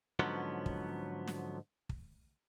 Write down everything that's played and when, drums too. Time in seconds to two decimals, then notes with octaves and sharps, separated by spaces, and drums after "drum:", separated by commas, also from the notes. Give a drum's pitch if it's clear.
0.19 G#2 D3 F3 F#3 B3 C#4
0.66 drum: kick
1.28 drum: snare
1.89 drum: kick